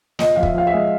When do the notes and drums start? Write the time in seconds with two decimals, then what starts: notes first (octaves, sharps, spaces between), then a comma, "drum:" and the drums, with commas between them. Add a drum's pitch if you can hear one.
0.19 A#2 D#5, drum: snare
0.36 F3 F5
0.43 E5, drum: kick
0.54 F3 F5
0.67 E5
0.74 G#3